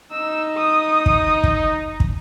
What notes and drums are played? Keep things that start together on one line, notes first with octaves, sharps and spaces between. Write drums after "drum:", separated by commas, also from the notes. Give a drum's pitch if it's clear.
D#4 E6
D#6
drum: kick
drum: kick
drum: kick